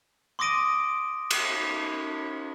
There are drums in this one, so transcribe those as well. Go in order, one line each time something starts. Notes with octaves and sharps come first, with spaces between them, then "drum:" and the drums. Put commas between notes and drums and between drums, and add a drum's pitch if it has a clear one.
C6 D6 D#6 A#6 D7 D#7
drum: cymbal